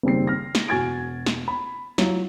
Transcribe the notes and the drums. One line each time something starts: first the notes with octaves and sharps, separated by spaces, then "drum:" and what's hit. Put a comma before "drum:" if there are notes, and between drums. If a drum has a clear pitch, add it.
F#1 D#3 G3 C4 C7
F6 A#6
drum: snare
E1 F#4 G#5 G#6 A6 D7
drum: snare
B5
F#3 E4 F4, drum: snare